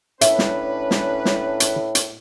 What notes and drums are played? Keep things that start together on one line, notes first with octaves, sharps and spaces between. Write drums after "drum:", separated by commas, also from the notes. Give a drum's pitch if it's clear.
A2 C#4 D4 B4 E5, drum: hi-hat
drum: snare
drum: snare
drum: snare
drum: hi-hat
drum: hi-hat